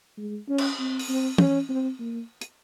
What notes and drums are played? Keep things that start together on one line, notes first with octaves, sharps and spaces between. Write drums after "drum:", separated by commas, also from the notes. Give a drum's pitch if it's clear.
G#3
C#4
drum: cymbal
C4
drum: open hi-hat
C4
C#4, drum: tom
C4
A#3
drum: hi-hat